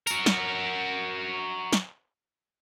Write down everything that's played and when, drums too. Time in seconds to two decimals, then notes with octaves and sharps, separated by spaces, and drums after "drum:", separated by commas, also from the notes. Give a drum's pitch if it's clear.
0.07 F#4 A#4, drum: tambourine
0.26 drum: snare
1.73 drum: snare